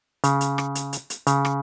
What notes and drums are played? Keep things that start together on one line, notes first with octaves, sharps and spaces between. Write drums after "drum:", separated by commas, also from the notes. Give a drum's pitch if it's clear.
C#3, drum: hi-hat
drum: hi-hat
drum: rim click
drum: hi-hat
drum: hi-hat
drum: hi-hat
C#3, drum: hi-hat
drum: rim click